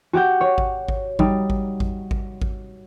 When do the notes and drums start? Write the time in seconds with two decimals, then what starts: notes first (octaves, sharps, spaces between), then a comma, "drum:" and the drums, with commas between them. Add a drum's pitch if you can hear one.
0.13 F#4 G4 F#5 G6
0.41 C#5
0.58 drum: kick G#1
0.88 drum: kick G#1
1.19 G3 D#4, drum: kick G#1
1.50 drum: kick G#1
1.80 drum: kick G#1
2.11 drum: kick G#1
2.42 drum: kick G#1